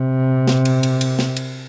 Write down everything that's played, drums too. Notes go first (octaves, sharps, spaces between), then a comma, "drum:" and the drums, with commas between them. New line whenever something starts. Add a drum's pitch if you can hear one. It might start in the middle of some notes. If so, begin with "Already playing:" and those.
Already playing: C3
drum: snare
drum: cymbal
drum: cymbal
drum: cymbal
drum: snare
drum: cymbal